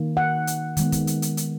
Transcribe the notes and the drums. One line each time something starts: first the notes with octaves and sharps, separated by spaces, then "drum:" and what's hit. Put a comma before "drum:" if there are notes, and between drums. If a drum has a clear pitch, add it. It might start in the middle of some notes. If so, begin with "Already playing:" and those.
Already playing: D#3 A#3
F#5
drum: hi-hat
D#3 G#3 B3, drum: hi-hat
drum: kick, hi-hat
drum: hi-hat
drum: hi-hat
drum: hi-hat